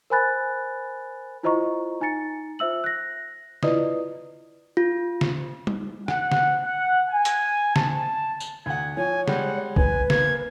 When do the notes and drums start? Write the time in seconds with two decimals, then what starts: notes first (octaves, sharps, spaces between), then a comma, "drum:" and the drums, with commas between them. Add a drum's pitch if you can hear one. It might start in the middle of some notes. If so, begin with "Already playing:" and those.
0.10 A#4 C5 G#5 B5 F#6 A6
1.43 E4 F4 C5 D#5 A#5 C#6
2.01 D#4 G#5 A#5 A6 C#7
2.59 F4 C5 E5 E6 F#7
2.84 F#6 A#6
3.63 E4 F4 B4 D5 D#5 D#6, drum: snare
4.77 F4
5.21 drum: snare
5.67 drum: tom
6.08 F#5, drum: rim click
6.32 drum: snare
6.63 F#5
7.10 G#5
7.25 drum: hi-hat
7.76 A5, drum: snare
8.40 drum: tambourine
8.66 D2 F#5 G#6
8.97 F3 C#5 G#5
9.28 G3 G#3 F#5, drum: snare
9.76 B4 G#5, drum: kick B1
10.10 A#3 G#6, drum: snare